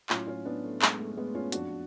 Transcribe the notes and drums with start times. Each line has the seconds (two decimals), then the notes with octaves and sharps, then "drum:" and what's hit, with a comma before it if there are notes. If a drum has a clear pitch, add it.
0.10 A2 F#3 C#4 F4, drum: clap
0.28 C#4 F4
0.45 B3 D4
0.64 A3
0.82 G#3, drum: clap
0.99 A3
1.11 A3
1.17 G#3 B3
1.35 C#4 F4
1.52 F2 F3 D4 F#4, drum: hi-hat